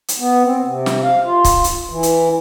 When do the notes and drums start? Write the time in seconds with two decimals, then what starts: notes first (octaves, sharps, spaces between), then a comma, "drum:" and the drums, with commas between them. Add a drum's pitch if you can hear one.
0.08 drum: hi-hat
0.19 B3
0.44 C4
0.64 C3
0.86 drum: snare
1.04 F5
1.25 F4
1.45 drum: kick, hi-hat
1.64 drum: hi-hat
1.90 E3
2.03 drum: hi-hat